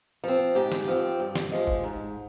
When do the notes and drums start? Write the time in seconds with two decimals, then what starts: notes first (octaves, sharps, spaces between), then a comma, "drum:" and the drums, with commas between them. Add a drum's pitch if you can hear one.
0.24 F3 C4
0.55 G#2 G4
0.72 drum: snare
0.88 F3 C4
1.20 G2
1.35 drum: snare
1.52 F3 G#3
1.67 drum: kick F#1
1.83 G#2